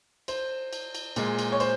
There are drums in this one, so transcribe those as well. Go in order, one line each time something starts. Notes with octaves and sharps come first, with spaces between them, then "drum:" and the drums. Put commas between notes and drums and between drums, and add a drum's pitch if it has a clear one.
C5, drum: cymbal
drum: cymbal
drum: cymbal
A#2 G#3, drum: cymbal
drum: cymbal
C#5
C5, drum: cymbal